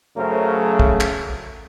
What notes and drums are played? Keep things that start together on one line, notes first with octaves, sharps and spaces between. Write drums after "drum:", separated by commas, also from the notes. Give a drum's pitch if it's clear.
F#2 C#3 F#3 A3 A#4 C5
drum: kick
drum: clap